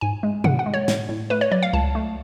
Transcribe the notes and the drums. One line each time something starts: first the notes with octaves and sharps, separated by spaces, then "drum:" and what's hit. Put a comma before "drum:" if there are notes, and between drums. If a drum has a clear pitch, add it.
G#2 G#5
G#3
G#2 F#5, drum: tom B2
F#5
G#3
C#5
A2, drum: snare
A2
A3 B4
C#5
F#3 D5
F5
C#2 A5
A3